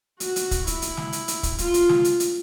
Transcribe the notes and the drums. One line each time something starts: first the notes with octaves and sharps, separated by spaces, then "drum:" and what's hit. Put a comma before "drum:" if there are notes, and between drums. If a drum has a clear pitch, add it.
F#4, drum: hi-hat
drum: hi-hat
drum: kick, hi-hat
E4, drum: hi-hat
drum: hi-hat
drum: snare
drum: hi-hat
drum: hi-hat
drum: kick, hi-hat
F4, drum: hi-hat
drum: hi-hat
drum: snare
drum: hi-hat
drum: hi-hat